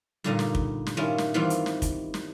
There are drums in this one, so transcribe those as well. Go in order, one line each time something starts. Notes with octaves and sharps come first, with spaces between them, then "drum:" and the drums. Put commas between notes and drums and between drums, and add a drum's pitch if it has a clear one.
G2 A#2 D3 G3 D#4 D#5
drum: snare
drum: kick
drum: snare
D#3 G3 C#4 E4 F4
drum: snare
D#3 E3 G3 B3 C4 F4
drum: hi-hat
drum: snare
drum: kick, hi-hat
drum: snare